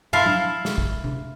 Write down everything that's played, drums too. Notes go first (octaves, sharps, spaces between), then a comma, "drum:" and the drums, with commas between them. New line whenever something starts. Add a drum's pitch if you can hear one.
E4 E5 F5 A5 C6
drum: tom F#3
drum: snare
drum: kick
drum: tom C3